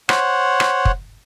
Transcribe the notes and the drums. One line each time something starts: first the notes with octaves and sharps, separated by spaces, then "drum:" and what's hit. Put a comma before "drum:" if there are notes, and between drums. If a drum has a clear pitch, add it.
C5 C#5 F#5, drum: rim click
drum: rim click
drum: kick